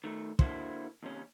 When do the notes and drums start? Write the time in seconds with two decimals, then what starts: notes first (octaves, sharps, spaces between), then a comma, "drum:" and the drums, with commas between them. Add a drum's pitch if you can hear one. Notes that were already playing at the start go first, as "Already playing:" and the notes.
0.04 D#3 A3
0.39 D3 A#3 E4 F#4 C5, drum: kick
1.03 D#2 C3 C#4